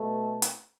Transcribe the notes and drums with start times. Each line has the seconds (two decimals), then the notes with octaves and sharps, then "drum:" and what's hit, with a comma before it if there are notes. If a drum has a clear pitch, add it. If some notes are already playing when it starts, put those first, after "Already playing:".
Already playing: B2 A3
0.42 drum: hi-hat